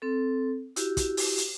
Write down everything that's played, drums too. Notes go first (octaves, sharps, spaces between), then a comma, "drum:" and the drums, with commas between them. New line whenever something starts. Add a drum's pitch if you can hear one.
C4 A4
E4 F#4 G4, drum: hi-hat
drum: kick, hi-hat
drum: open hi-hat
drum: hi-hat